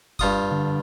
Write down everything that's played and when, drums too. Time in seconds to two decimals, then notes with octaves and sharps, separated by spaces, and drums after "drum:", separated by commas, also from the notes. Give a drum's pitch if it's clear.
0.19 G2 F4 D#6, drum: kick F#1
0.51 D3